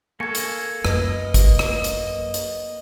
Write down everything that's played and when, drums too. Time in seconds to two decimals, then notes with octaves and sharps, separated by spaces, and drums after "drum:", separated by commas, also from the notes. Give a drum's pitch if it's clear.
0.20 A#3 A4 G#5 C#6 G#6 C#7
0.35 drum: hi-hat
0.85 F#2 B4 D#5, drum: rim click
1.34 drum: kick, hi-hat
1.59 drum: rim click
1.84 drum: hi-hat
2.34 drum: hi-hat